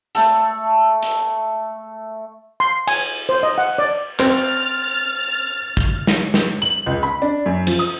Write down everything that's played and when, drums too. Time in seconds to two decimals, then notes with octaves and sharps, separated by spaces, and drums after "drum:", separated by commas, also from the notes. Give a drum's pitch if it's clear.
0.15 A3 A4, drum: hi-hat
1.03 drum: hi-hat
2.60 C6
2.87 G#5, drum: cymbal
3.29 C5
3.43 D#5
3.58 F#5
3.78 D5
4.19 C4 F6 A6, drum: clap
5.77 drum: kick
6.07 drum: snare
6.34 drum: snare
6.62 F#7
6.86 C#2
7.03 B5
7.22 D4
7.46 F#2
7.67 F3, drum: cymbal
7.79 D#6